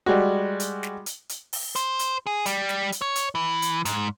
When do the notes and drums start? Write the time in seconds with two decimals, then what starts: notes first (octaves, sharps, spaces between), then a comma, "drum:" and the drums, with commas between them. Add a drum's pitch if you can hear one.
0.06 G3 G#3 F#4
0.60 drum: hi-hat
0.83 drum: snare
1.06 drum: hi-hat
1.29 drum: hi-hat
1.53 drum: open hi-hat
1.76 C5, drum: hi-hat
1.99 drum: hi-hat
2.27 G#4
2.46 G3, drum: hi-hat
2.69 drum: snare
2.92 drum: hi-hat
3.02 C#5
3.16 drum: hi-hat
3.35 E3
3.62 drum: hi-hat
3.85 G#2, drum: hi-hat